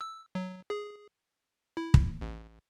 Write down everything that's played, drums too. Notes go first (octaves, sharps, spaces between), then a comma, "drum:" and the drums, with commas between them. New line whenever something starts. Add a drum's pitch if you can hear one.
E6
F#3
G#4
E4
drum: kick
A1